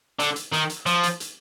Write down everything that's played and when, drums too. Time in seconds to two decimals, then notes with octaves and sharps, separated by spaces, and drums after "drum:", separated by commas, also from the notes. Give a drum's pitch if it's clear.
0.19 D3, drum: hi-hat
0.36 drum: hi-hat
0.53 D#3, drum: hi-hat
0.70 drum: hi-hat
0.86 F3, drum: hi-hat
1.03 drum: hi-hat
1.20 drum: hi-hat